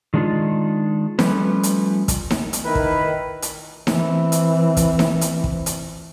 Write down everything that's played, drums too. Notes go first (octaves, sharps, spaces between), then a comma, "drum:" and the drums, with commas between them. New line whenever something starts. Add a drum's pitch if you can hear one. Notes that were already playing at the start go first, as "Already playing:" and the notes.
D#3 G#3 D4 D#4 F4
F3 G3 A3 C#4 B4, drum: snare D#4
drum: hi-hat
drum: kick, hi-hat
drum: snare D#4
drum: hi-hat
D#3 E4 A#4 B4
drum: kick
drum: hi-hat
E3 C4, drum: snare D#4
drum: hi-hat
drum: kick, hi-hat
drum: snare D#4
drum: hi-hat
drum: kick
drum: hi-hat